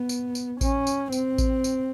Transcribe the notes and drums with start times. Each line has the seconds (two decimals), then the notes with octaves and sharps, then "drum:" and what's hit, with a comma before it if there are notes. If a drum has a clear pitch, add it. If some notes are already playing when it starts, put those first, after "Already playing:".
Already playing: B3
0.09 drum: tambourine
0.35 drum: tambourine
0.61 C#4, drum: kick A1, tambourine
0.87 drum: tambourine
1.12 C4, drum: tambourine
1.38 drum: kick A1, tambourine
1.64 drum: tambourine